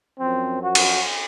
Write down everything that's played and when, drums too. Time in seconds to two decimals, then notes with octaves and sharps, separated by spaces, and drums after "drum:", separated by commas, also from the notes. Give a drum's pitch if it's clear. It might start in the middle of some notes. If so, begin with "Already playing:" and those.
0.19 F#2 F3 C4
0.63 F#4
0.75 drum: cymbal